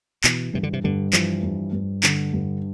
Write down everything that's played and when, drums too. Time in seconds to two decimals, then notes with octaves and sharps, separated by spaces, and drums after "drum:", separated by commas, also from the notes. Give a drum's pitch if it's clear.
0.24 B2 E3, drum: clap
0.54 G2 C3
0.63 D3
0.73 C3
0.84 G2 D3
1.13 E3 F3, drum: clap
1.43 G2
1.73 G2
2.03 D3, drum: clap
2.33 G2